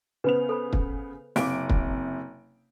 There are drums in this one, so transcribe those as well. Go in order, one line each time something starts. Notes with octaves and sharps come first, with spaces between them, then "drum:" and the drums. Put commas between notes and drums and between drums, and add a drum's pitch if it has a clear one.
C#3 B3 B4 C5 F7
A4 C5 B5
drum: kick
F#1 C3 F5 D6 D7, drum: snare
drum: kick